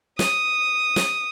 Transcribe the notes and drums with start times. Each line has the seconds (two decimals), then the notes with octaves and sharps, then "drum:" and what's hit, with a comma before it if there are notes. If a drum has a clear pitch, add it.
0.19 D#6, drum: snare
0.96 drum: snare